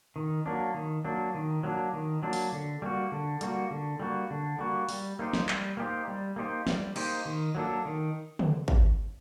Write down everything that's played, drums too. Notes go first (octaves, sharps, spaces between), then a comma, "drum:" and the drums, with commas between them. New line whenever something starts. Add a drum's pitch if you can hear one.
D#3
F#3 A#3 D4
D#3
F#3 A#3 D4
D#3
F#3 A#3 D4
D#3
F#3 A#3 D4
drum: open hi-hat
D3
G3 A#3 F#4
D3
G3 A#3 F#4, drum: hi-hat
D3
G3 A#3 F#4
D3
G3 A#3 F#4
G3, drum: open hi-hat
A#3 D#4 G4 C5
drum: snare
G3, drum: clap
A#3 D#4 G4 C5
G3
A#3 D#4 G4 C5
G3, drum: snare
A#3 D#4 G4 C5, drum: cymbal
D#3
F#3 A#3 D4 A4
D#3
drum: tom
drum: kick